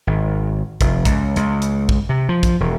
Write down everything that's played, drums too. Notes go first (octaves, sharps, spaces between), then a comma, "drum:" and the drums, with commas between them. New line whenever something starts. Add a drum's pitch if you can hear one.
G#1
F1, drum: kick, hi-hat
C#2, drum: kick, hi-hat
C#2, drum: hi-hat
drum: hi-hat
drum: kick
C3
F3
drum: kick, hi-hat
E1